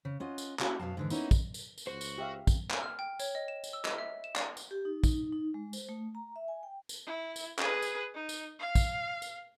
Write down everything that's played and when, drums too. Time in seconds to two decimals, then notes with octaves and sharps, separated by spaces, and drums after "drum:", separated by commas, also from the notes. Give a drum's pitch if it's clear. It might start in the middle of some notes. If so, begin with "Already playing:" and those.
0.05 C#3
0.20 C#4 F4 D#5 F#5
0.38 drum: tambourine
0.59 A#3 C#4 E4 F#4 G4, drum: clap
0.79 F#2 B2 C4 F5 A5
0.97 G#2 D3 E3
1.10 A#3 B3 C#4 D#4 E4, drum: tambourine
1.31 drum: kick, tambourine
1.54 drum: tambourine
1.78 drum: tambourine
1.87 C#2 F#4 C5
2.01 drum: tambourine
2.18 G4 E5 F5
2.47 drum: kick, tambourine
2.71 drum: clap
2.83 F6
2.99 G5
3.20 C#5, drum: tambourine
3.35 D#5
3.48 E7
3.64 drum: tambourine
3.73 E6
3.85 D#5, drum: clap
3.98 E5
4.24 E7
4.36 D5, drum: clap
4.57 drum: tambourine
4.71 G4
4.85 D#4
5.03 D#4, drum: kick, tambourine
5.33 D#4
5.54 G#3
5.73 C5, drum: tambourine
5.89 A3
6.15 A#5
6.36 E5
6.48 G#5
6.63 G5
6.89 drum: tambourine
7.07 E4
7.36 drum: tambourine
7.59 G#4 B4, drum: clap
7.82 drum: tambourine
8.15 D#4
8.29 drum: tambourine
8.59 F5
8.75 drum: kick, tambourine
9.22 drum: tambourine